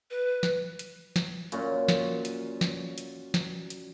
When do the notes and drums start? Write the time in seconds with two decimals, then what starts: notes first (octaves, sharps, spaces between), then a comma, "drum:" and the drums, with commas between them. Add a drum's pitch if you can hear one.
0.11 B4
0.43 drum: snare
0.79 drum: hi-hat
1.16 drum: snare
1.52 F#2 A#2 C#6, drum: hi-hat
1.88 drum: snare
2.25 drum: hi-hat
2.61 drum: snare
2.98 drum: hi-hat
3.34 drum: snare
3.70 drum: hi-hat